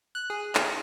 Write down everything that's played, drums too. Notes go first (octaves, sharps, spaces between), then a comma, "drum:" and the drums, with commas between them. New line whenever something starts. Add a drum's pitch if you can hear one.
F#6
G#4
drum: clap